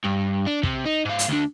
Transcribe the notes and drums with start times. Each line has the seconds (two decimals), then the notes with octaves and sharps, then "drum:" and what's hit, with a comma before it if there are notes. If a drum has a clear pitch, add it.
0.05 G2
0.47 D4
0.63 C3, drum: kick
0.86 D#4
1.05 G#2 F5
1.19 drum: hi-hat
1.28 D2 D4